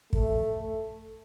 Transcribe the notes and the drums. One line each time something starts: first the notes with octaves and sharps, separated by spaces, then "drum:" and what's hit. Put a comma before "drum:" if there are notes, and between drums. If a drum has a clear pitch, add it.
A3, drum: kick